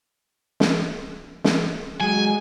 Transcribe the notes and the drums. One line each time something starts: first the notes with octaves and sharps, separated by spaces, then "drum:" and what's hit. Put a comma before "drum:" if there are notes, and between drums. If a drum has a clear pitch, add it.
drum: snare
drum: snare
F#3 G#3 G#5